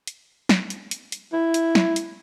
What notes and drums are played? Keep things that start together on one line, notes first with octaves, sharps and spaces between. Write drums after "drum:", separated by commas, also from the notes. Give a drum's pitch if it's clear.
drum: hi-hat
drum: snare
drum: hi-hat
drum: hi-hat
drum: hi-hat
E4
drum: hi-hat
drum: snare
drum: hi-hat